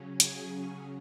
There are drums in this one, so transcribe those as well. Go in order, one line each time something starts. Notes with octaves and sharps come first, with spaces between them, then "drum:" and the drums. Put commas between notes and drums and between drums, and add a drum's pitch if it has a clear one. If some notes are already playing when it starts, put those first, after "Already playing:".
Already playing: C#3 F#3 C#4
G#4 G#5, drum: hi-hat